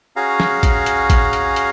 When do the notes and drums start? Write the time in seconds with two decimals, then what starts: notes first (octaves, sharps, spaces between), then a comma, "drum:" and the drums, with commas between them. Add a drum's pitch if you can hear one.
0.16 C#4 F#4 G#4 F5 A#5
0.40 drum: snare
0.63 drum: kick A1, hi-hat
0.86 drum: hi-hat
1.10 drum: kick A1, hi-hat
1.33 drum: hi-hat
1.56 drum: hi-hat